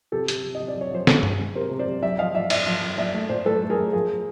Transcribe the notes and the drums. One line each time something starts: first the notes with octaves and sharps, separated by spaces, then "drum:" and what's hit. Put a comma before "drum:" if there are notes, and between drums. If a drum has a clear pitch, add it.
C3 G4 A4
C3, drum: hi-hat
C3
D#5
C3
D5
C3
C#5
F3 C5
G#3 A4 B4, drum: snare
G#3, drum: tom G2
G#3
C3 A#4 C5
C3
C5 D5
C3
F#2 D5 E5
F3 D#5 F5
F3 D5 E5
F#2 D5 E5, drum: cymbal
F3
F#2
A#2 D5 E5
A3
A#2 C5 D5
A3 A4 B4
A3
G#4 A#4
A3
F3 G#4 A#4